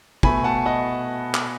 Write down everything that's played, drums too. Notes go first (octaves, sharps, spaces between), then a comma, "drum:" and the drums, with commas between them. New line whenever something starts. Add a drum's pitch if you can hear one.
B2 A3 G#5 B5, drum: kick
F#5 A5
D#5 F#5
drum: clap